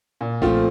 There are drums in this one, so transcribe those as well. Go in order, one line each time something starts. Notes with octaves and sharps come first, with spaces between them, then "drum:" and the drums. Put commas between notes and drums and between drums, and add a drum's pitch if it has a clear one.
A#2
F3 A3 C4 F4, drum: kick B1